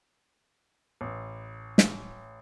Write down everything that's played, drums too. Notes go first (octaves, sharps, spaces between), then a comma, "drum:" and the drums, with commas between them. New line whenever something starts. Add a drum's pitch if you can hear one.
A1
drum: snare